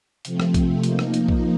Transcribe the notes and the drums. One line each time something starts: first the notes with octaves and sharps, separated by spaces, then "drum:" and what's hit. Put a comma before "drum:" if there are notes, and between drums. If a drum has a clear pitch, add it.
C3 F3 A3 C4, drum: hi-hat
drum: rim click
drum: kick, hi-hat
F3 A#3 D#4, drum: hi-hat
drum: rim click
drum: hi-hat
drum: kick